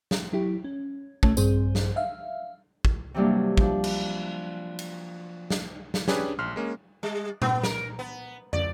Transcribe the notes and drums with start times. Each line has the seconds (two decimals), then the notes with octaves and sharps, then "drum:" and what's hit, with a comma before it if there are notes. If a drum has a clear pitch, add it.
0.11 drum: snare
0.33 F#3 E4 G4
0.64 C#4
1.23 A#1 A3 C#4 C#5 A5, drum: kick
1.37 A#1 G2 C4 G#4 C5, drum: tambourine
1.75 drum: snare
1.96 E5 F5
2.85 drum: kick
3.14 C3 E3 F#3 G3 A#3 D4
3.57 F3 D4, drum: kick
3.84 drum: cymbal
4.79 drum: cymbal
5.50 drum: snare
5.94 drum: snare
6.08 C#4 D4 G4 G#4 B4, drum: snare
6.39 A#1 C6 F6
6.56 G#3 A#3 C#4
7.03 G3
7.42 B3, drum: tom A#2
7.63 A#4, drum: snare
7.99 B3
8.53 D5, drum: tom